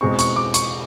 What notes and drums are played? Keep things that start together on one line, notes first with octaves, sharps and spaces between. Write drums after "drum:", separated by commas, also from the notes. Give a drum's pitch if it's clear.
E2 B2 G#3 C4 C#6
C#6, drum: hi-hat
D6
C#6, drum: hi-hat